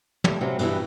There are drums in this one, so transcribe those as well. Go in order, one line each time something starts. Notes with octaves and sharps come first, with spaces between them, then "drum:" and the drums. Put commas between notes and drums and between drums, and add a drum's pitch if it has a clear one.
G3 A3, drum: tom
C3 F#3 G3 C#4
G2 B2 E3 G3 E4, drum: cymbal